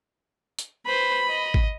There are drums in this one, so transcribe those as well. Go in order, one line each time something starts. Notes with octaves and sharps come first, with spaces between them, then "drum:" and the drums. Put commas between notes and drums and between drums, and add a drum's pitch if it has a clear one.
drum: hi-hat
B4 C5 B5
D#5
drum: kick